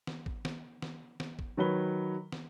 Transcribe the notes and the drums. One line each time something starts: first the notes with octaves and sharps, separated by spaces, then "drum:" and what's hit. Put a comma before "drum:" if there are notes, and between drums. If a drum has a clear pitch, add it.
drum: snare
drum: kick G#1
drum: snare
drum: snare
drum: snare
drum: kick G#1
D#3 F#3 B4 C#5 B5 G7
drum: snare